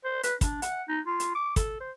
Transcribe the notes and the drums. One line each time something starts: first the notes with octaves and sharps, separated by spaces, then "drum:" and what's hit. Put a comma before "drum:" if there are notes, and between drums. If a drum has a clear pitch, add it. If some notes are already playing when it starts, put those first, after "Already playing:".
C5
B4, drum: hi-hat
D4, drum: kick, hi-hat
F#5, drum: hi-hat
D#4
F4
drum: hi-hat
D6
A4, drum: kick, hi-hat
C5